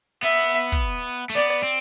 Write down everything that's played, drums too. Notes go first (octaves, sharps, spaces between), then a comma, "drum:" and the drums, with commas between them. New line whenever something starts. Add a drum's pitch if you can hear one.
B3 E5
drum: kick
A3
B3 D5
C4